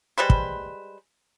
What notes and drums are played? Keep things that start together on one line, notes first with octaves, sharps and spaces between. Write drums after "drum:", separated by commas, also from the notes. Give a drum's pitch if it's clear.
G3 G#3 B4 C5
drum: kick